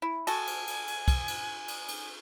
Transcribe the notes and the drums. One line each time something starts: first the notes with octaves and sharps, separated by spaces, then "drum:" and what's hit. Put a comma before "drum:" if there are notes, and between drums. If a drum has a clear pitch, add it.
E4
F#4 A4 G#5, drum: cymbal
drum: cymbal
drum: cymbal
drum: cymbal
drum: kick, cymbal
drum: cymbal
drum: cymbal
drum: cymbal